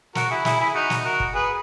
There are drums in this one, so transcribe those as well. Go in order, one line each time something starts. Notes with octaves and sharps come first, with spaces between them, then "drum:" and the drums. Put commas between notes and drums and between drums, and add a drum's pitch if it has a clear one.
F#4 A#4, drum: snare
E4 G#4
E4 G#4, drum: snare
E4 G#4
D#4 F#4
drum: snare
F#4 A#4
drum: kick
G#4 B4